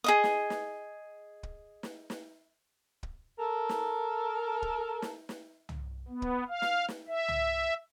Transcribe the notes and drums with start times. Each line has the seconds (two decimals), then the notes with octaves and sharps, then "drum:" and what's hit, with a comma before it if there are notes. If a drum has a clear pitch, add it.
0.04 G#4 D#5 D#6
0.24 drum: snare
0.50 drum: snare
1.43 drum: kick
1.83 drum: snare
2.10 drum: snare
3.03 drum: kick
3.39 A4 A#4
3.69 drum: snare
4.62 drum: kick
5.02 drum: snare
5.29 drum: snare
5.69 drum: tom
6.08 B3
6.22 drum: kick
6.49 F5
6.62 drum: snare
6.88 drum: snare
7.08 E5
7.28 drum: tom